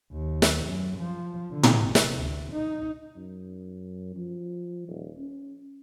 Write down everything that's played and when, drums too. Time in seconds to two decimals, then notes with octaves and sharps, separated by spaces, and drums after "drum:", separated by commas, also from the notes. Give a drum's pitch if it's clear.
0.13 D#2
0.42 drum: snare
0.65 F#2
0.98 F3
1.52 D3
1.63 drum: tom
1.85 F1
1.95 drum: snare
2.15 D2
2.53 D#4
3.16 F#2
4.16 F3
4.88 D#1
5.17 C#4